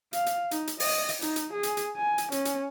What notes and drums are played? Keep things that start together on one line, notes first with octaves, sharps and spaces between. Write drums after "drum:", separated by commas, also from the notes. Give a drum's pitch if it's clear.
F5, drum: hi-hat
drum: hi-hat
D#4, drum: hi-hat
drum: hi-hat
D#5, drum: open hi-hat
drum: hi-hat
D#4, drum: hi-hat
drum: hi-hat
G#4
drum: hi-hat
drum: hi-hat
G#5
drum: hi-hat
C#4, drum: hi-hat
drum: hi-hat